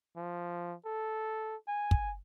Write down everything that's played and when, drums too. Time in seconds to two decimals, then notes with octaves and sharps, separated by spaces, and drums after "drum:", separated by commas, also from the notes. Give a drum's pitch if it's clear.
0.17 F3
0.85 A4
1.67 G#5
1.91 drum: kick